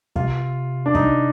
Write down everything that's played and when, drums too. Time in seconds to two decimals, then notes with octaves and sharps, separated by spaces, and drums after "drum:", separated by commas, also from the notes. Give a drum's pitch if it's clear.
0.16 C3 F4, drum: kick
0.86 D4
0.95 D#4, drum: kick